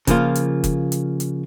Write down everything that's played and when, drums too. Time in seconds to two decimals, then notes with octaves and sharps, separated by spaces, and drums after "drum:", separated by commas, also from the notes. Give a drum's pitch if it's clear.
0.07 C#3 F3 A#3 F4, drum: kick F#1, hi-hat
0.35 drum: hi-hat
0.64 drum: kick F#1, hi-hat
0.92 drum: hi-hat
1.20 drum: hi-hat